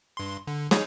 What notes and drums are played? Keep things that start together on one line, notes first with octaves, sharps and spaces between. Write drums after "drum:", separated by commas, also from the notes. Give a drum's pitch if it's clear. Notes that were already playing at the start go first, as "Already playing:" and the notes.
G2 C6
D3
D#4 G#4 C#5, drum: snare